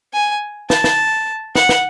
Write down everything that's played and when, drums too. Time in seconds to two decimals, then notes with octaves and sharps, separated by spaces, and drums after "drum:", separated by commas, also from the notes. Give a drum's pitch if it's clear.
0.14 G#5
0.70 A5, drum: snare
0.84 drum: snare
1.55 F#5, drum: snare
1.69 drum: snare